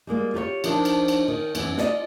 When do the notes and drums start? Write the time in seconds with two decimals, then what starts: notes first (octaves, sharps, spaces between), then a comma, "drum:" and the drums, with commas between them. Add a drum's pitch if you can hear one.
0.07 G3 G#3 A#3 F4
0.34 F4 G4 B4 C#5
0.64 F3 D4 D#4 A#4 C5 F5, drum: cymbal
0.85 drum: cymbal
1.08 drum: cymbal
1.28 D#3
1.55 F#2 E3 B3, drum: cymbal
1.78 F4 D5 D#5, drum: snare